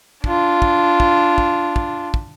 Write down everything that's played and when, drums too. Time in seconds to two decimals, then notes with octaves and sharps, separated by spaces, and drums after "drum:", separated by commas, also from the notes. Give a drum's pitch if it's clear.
0.24 D4 F4, drum: kick
0.62 drum: kick
1.00 drum: kick
1.38 drum: kick
1.76 drum: kick
2.14 drum: kick